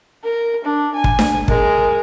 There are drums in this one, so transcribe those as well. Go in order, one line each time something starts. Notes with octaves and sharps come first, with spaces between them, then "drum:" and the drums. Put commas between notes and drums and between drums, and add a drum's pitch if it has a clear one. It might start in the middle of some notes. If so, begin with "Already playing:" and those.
A#4
D4
G#5
drum: kick
drum: snare D4
G#3 A#4, drum: kick